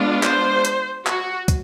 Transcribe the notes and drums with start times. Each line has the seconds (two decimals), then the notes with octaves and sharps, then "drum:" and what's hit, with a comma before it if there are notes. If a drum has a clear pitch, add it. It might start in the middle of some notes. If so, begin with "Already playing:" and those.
Already playing: G#3 B3 D4 F4
0.23 C5, drum: clap
0.65 drum: hi-hat
1.07 F#4, drum: clap
1.48 drum: kick, hi-hat